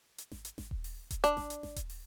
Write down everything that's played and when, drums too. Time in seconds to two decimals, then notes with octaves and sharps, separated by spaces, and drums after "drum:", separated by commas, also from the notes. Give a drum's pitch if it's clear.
0.18 drum: hi-hat
0.31 drum: snare G#1
0.45 drum: hi-hat
0.58 drum: snare G#1
0.71 drum: kick D#1
0.84 drum: open hi-hat
1.11 drum: kick D#1, hi-hat
1.24 D4, drum: hi-hat
1.37 drum: snare G#1
1.50 drum: hi-hat
1.63 drum: snare G#1
1.76 drum: kick D#1, hi-hat
1.90 drum: open hi-hat